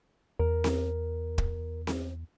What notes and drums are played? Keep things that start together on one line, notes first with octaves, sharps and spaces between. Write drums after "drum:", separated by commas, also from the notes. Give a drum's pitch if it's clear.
E2 A#4
drum: snare C4
drum: kick
drum: snare C4